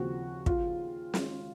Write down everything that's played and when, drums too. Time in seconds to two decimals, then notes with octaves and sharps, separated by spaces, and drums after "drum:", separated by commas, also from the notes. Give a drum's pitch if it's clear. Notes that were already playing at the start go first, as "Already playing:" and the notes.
Already playing: D#2 C#3 F3 C4 F#4
0.46 F4, drum: kick
1.14 D#3 G#3 C#4, drum: snare